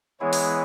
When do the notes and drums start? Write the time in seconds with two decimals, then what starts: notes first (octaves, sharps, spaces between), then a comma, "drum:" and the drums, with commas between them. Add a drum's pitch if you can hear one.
0.20 E3 G#3 B3 E4 G#4 C#5
0.33 drum: open hi-hat